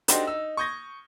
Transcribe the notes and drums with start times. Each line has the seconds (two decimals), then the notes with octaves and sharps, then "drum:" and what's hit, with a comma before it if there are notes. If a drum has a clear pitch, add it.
0.08 D4 D#4 F#4 G4 A4 C5, drum: hi-hat
0.27 D#4 E6
0.57 C#6 D#6 G6 G#6 A#6